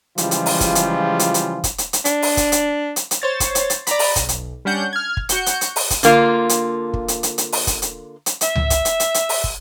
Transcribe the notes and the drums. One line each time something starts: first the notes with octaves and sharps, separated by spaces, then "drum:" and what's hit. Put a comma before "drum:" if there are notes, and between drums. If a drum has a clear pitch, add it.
C#3 E3 F3 G3 G#3 F4, drum: hi-hat
drum: hi-hat
drum: open hi-hat
drum: kick, hi-hat
drum: hi-hat
drum: hi-hat
drum: hi-hat
drum: kick, hi-hat
drum: hi-hat
drum: hi-hat
D4, drum: hi-hat
drum: open hi-hat
drum: kick, hi-hat
drum: hi-hat
drum: hi-hat
drum: hi-hat
C5 C#5 A6
drum: kick, hi-hat
drum: hi-hat
drum: hi-hat
D5 A#5 B5, drum: hi-hat
drum: open hi-hat
B1, drum: kick, hi-hat
drum: hi-hat
G3 C#4 D4 F#5 G6
F6 G#6
drum: kick
F#4 G6 C#7, drum: hi-hat
drum: hi-hat
drum: hi-hat
drum: open hi-hat
drum: kick, hi-hat
D3 A#3 F4, drum: hi-hat
drum: hi-hat
drum: kick
drum: hi-hat
drum: hi-hat
drum: hi-hat
drum: open hi-hat
drum: kick, hi-hat
drum: hi-hat
drum: hi-hat
E5, drum: hi-hat
drum: tom C#2
drum: kick, hi-hat
drum: hi-hat
drum: hi-hat
drum: hi-hat
drum: open hi-hat
drum: kick